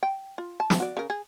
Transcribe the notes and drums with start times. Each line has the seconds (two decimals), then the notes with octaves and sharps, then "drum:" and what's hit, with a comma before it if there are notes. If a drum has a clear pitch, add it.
0.03 G5
0.38 F4
0.60 A5
0.70 drum: snare
0.80 F#4 D5
0.97 C#3 A#4
1.10 G#4